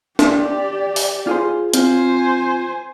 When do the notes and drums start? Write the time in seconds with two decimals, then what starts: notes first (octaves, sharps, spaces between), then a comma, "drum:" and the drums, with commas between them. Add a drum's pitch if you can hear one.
0.19 G4 D5, drum: snare D4
0.96 drum: open hi-hat
1.27 F4 G#4 C5
1.74 C4 F4 C5 G#5, drum: hi-hat